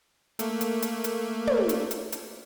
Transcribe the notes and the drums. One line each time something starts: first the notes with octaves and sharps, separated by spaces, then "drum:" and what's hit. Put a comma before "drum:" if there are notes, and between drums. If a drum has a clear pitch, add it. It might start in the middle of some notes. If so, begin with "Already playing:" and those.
A3 A#3, drum: hi-hat
drum: hi-hat
drum: hi-hat
drum: hi-hat
drum: tom
drum: hi-hat
drum: hi-hat
drum: hi-hat